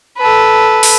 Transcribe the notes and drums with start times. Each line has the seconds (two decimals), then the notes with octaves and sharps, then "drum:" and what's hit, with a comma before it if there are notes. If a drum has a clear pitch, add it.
0.18 A4 B4
0.83 drum: open hi-hat